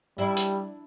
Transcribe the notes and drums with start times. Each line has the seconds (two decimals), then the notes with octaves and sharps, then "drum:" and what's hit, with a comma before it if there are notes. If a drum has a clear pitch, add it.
0.18 G3 D4 E4
0.37 drum: hi-hat